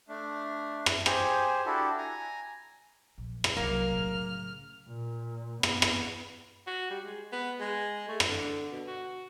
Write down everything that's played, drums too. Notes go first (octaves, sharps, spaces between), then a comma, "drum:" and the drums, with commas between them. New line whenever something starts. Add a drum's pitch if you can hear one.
A3 D4
drum: rim click
G4 G#4 C5 G#5, drum: rim click
D4 E4 F#4 G4 A4
G#5 A#5
A#1
drum: rim click
C2 C3 F#3 A#3 F6
A2 C#3
A#2
B3, drum: rim click
drum: rim click
F#4
G3
G#3
B3
G#3
A3
drum: rim click
D3
B2
F#4